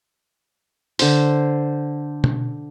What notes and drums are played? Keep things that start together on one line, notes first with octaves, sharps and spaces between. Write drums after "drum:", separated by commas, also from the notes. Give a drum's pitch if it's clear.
D3 C5, drum: open hi-hat
drum: tom B2